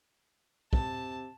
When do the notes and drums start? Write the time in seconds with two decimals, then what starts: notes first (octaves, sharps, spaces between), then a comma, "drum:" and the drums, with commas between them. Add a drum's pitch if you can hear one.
0.73 C3 A5, drum: kick